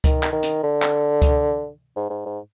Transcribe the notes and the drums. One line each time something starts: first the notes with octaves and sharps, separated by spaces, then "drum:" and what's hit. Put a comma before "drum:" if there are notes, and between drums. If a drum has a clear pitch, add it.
D#3, drum: kick C#2, hi-hat
drum: clap
D#3
drum: hi-hat
D3
drum: clap
drum: kick C#2, hi-hat
G#2
G#2
G#2